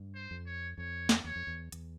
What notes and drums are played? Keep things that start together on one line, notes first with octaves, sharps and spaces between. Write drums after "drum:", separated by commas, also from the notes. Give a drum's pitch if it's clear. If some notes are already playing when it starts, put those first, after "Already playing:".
Already playing: G2
C5
F2
C#5
F2 C#5
drum: snare
E2 C#5
F2
E2
E2, drum: hi-hat